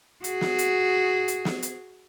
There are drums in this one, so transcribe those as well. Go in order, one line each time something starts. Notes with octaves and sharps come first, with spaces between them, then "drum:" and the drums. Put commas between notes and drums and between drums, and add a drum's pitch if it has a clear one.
F#4 G#4, drum: hi-hat
drum: snare
drum: hi-hat
drum: hi-hat
drum: snare
drum: hi-hat